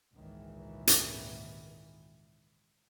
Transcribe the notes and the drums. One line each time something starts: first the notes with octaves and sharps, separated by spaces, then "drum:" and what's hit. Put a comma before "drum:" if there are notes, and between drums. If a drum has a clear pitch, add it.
G#1 C#2 A#2 D#3 E3
drum: hi-hat